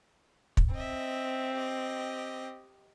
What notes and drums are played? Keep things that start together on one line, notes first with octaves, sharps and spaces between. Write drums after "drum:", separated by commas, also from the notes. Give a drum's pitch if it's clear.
drum: kick
C4 D#5 E5
G4 D#5